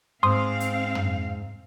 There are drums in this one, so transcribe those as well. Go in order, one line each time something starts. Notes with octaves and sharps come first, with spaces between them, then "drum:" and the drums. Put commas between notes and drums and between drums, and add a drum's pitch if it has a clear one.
G#2 C4 F5 C6 D#6
drum: hi-hat
drum: tom